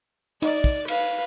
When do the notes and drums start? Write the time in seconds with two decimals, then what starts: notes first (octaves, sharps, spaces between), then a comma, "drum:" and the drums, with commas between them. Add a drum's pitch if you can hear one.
0.42 D#4 D5, drum: cymbal
0.64 drum: kick
0.88 B4 F5, drum: cymbal